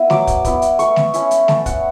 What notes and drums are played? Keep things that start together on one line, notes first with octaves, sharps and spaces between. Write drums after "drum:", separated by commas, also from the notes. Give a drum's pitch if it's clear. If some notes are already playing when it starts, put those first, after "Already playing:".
Already playing: B3 E4
F#3 D6, drum: snare
drum: kick, hi-hat
B3 E4, drum: kick, hi-hat
drum: hi-hat
A3 C#6, drum: hi-hat
drum: snare
C#4 E4, drum: hi-hat
drum: hi-hat
A3 A5, drum: snare
F#5, drum: kick, hi-hat